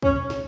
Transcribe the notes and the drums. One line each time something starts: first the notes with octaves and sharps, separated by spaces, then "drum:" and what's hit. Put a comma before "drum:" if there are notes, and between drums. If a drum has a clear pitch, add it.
C#4, drum: kick
drum: tom A#2
drum: snare